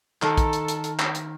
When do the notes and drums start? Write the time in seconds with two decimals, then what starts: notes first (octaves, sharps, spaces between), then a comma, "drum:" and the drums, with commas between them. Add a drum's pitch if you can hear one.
0.22 D#3 A4 A5, drum: clap
0.38 drum: kick A#1, hi-hat
0.53 drum: hi-hat
0.68 drum: hi-hat
0.84 drum: hi-hat
0.99 drum: clap
1.15 drum: hi-hat